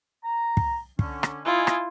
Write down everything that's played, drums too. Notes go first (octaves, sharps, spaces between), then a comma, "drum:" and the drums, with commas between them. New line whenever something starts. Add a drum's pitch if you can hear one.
A#5
drum: kick
D3 C#4, drum: kick
drum: rim click
E4 F4 D#5 G#5
drum: rim click